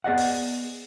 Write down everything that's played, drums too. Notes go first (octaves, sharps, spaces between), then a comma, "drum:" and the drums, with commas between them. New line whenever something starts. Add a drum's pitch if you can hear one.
B3 G#4 D5 D#5 F#5
drum: open hi-hat